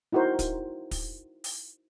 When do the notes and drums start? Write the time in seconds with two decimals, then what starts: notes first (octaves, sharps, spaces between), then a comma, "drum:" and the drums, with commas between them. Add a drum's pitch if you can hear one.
0.12 D#4 E4 F#4 A#4 C5
0.39 drum: kick, hi-hat
0.91 drum: kick, open hi-hat
1.44 drum: open hi-hat